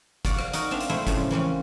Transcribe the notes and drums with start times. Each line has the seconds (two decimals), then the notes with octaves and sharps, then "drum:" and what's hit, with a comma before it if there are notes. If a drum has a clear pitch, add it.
0.25 F#4 D5 F5 F#5, drum: kick F#1, hi-hat
0.39 drum: rim click
0.53 D#4 F#4 A#4, drum: hi-hat
0.71 C4 D4 E5 F5
0.80 drum: hi-hat
0.90 A3 C4 E4 C5
1.07 A2 C#3 F3 G#3, drum: kick F#1, hi-hat
1.31 E3 A#3 C4 C#4